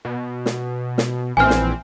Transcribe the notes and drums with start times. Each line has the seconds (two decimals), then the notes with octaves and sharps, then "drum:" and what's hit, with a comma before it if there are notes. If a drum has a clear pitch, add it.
0.05 B2
0.46 drum: snare
0.98 drum: snare
1.37 A#1 E3 C4 G#5 F6
1.50 drum: snare